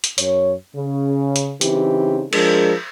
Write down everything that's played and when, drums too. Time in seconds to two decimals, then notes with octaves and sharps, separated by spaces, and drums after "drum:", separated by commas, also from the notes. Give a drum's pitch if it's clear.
0.04 drum: hi-hat
0.18 F#2 C#5, drum: hi-hat
0.76 C#3
1.36 drum: hi-hat
1.61 C#3 E3 C4 D#4 G4, drum: hi-hat
2.33 F3 G#3 D4 G#4 A#4, drum: cymbal